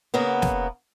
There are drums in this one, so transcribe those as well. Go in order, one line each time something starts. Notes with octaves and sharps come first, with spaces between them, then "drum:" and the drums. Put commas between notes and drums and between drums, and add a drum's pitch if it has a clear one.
C#3 A#3 B3
drum: snare